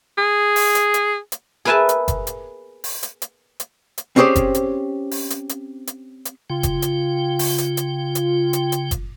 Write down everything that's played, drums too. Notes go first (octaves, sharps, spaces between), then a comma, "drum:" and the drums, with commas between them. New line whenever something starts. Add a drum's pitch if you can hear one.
G#4
drum: open hi-hat
drum: hi-hat
drum: hi-hat
drum: hi-hat
G#4 A#4 B4 E5 G#5 A5
drum: hi-hat
drum: kick F#1, hi-hat
drum: hi-hat
drum: open hi-hat
drum: hi-hat
drum: hi-hat
drum: hi-hat
drum: hi-hat
C4 C#4 G4 G#4 C5 D5
drum: kick F#1, hi-hat
drum: hi-hat
drum: open hi-hat
drum: hi-hat
drum: hi-hat
drum: hi-hat
drum: hi-hat
C#3 F4 G5
drum: kick F#1, hi-hat
drum: hi-hat
drum: open hi-hat
drum: hi-hat
drum: hi-hat
drum: hi-hat
drum: hi-hat
drum: hi-hat
drum: kick F#1, hi-hat